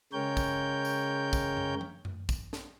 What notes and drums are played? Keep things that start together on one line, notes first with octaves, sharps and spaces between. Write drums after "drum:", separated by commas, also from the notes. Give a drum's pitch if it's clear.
C#3 G#3 A#4 C#5 G5 G6
drum: kick, tambourine
drum: tambourine
drum: kick, tambourine
drum: tom F#2
drum: tom F3
drum: tom F#2
drum: kick, tambourine
drum: snare